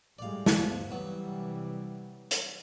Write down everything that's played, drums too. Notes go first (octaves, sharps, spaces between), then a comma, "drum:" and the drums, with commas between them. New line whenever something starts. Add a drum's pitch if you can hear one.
A2 G3 G#3 D5 F5
drum: snare
G2 F3 A3 B3
C3 E3 F#3 G3 B3
drum: hi-hat